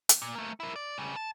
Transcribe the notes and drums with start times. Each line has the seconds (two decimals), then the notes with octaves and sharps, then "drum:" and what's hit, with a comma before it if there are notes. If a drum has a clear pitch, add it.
0.09 drum: hi-hat
0.22 A#2
0.35 A3 A#3
0.60 E4 A#4
0.76 D5
0.98 C#3 G3
1.16 A5